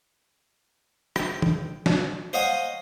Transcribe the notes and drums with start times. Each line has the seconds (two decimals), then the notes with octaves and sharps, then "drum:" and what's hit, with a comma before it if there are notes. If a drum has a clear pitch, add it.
1.16 G5, drum: rim click
1.42 drum: tom
1.86 drum: snare
2.33 C5 C#5 D#5 F5 F#5 G#5